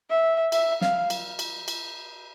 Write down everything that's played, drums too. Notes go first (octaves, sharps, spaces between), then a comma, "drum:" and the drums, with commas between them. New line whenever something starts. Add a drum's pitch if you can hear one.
E5
E5, drum: cymbal
F5, drum: snare
drum: cymbal
drum: cymbal
drum: cymbal